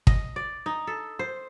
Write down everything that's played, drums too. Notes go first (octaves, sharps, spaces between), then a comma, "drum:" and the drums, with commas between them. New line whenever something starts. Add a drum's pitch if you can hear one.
D#5, drum: kick
D5
D#4
A4
C5